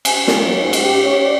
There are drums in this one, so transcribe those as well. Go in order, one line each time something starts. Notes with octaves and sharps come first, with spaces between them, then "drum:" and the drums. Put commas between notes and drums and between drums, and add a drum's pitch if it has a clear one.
G#5, drum: cymbal
A#3, drum: snare
F#3
G#2
drum: cymbal
G4
C#5
D5